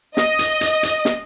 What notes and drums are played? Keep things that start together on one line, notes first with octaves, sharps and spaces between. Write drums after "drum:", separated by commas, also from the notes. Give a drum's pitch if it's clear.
D#5, drum: snare
drum: hi-hat
drum: hi-hat
drum: hi-hat
drum: snare